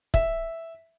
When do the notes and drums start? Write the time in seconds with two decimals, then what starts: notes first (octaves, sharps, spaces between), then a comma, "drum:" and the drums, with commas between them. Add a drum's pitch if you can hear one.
0.14 E5, drum: kick